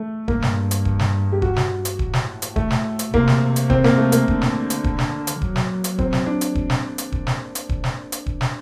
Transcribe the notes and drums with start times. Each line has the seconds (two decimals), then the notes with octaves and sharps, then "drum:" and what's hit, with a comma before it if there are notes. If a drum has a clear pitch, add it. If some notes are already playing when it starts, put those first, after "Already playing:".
Already playing: A3
0.28 G2 A#3, drum: kick D#1
0.42 drum: snare
0.71 drum: hi-hat
0.85 drum: kick D#1
0.99 drum: snare
1.32 G4
1.42 F#4, drum: kick D#1
1.56 drum: snare
1.85 drum: hi-hat
1.99 A2, drum: kick D#1
2.13 drum: snare
2.42 drum: hi-hat
2.56 A3, drum: kick D#1
2.70 drum: snare
2.99 drum: hi-hat
3.13 C3 A#3, drum: kick D#1
3.27 drum: snare
3.56 drum: hi-hat
3.70 C4, drum: kick D#1
3.84 A#3, drum: snare
3.98 A3
4.12 A#3, drum: hi-hat
4.28 D3, drum: kick D#1
4.42 drum: snare
4.70 drum: hi-hat
4.84 drum: kick D#1
4.99 drum: snare
5.27 drum: hi-hat
5.42 F#3, drum: kick D#1
5.56 drum: snare
5.84 drum: hi-hat
5.99 C4, drum: kick D#1
6.13 drum: snare
6.26 D4
6.41 drum: hi-hat
6.55 drum: kick D#1
6.70 drum: snare
6.98 drum: hi-hat
7.12 drum: kick D#1
7.27 drum: snare
7.55 drum: hi-hat
7.69 drum: kick D#1
7.84 drum: snare
8.12 drum: hi-hat
8.26 drum: kick D#1
8.41 drum: snare